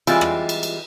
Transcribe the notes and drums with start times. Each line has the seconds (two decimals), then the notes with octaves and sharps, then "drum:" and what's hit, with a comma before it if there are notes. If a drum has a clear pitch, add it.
0.07 E3 G3 G#3 C4 F4, drum: cymbal
0.21 drum: rim click
0.49 drum: cymbal
0.63 drum: cymbal